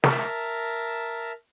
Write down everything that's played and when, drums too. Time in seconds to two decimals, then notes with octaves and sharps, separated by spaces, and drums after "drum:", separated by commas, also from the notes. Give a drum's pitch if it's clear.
0.04 A#4 E5 A5 A#5, drum: snare